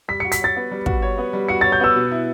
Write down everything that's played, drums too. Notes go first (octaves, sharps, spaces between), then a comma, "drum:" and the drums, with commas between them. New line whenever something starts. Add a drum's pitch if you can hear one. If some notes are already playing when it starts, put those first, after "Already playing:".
G3 B6
C#7
F#4
B6, drum: hi-hat
C#5 A6
B3
G3
F#4, drum: kick
C#5
B3
G3
F#4 C#7
A6
C#5
G6
B3 E6
B2
E4